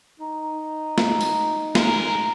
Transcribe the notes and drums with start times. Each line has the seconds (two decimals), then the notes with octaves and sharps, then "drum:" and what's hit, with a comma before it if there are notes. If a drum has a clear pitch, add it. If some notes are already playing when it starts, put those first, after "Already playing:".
0.20 D#4
0.98 drum: snare
1.21 drum: open hi-hat
1.75 G#3 A#4, drum: snare